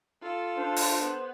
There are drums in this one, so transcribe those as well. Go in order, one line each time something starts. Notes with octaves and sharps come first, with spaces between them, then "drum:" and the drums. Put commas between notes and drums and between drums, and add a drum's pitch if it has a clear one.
F4 A4
D4 C5
drum: open hi-hat
B3